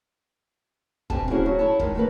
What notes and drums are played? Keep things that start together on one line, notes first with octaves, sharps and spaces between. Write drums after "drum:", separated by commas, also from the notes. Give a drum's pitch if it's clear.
B2 C4 D4 G4 G#5 A5, drum: kick
A#3 C#4 E4 F#4 G#4 C5
F#3 F#4
E4 C#5 A5
D#3 G#3 D#4, drum: kick
E3 A3 A#3 A#4 B4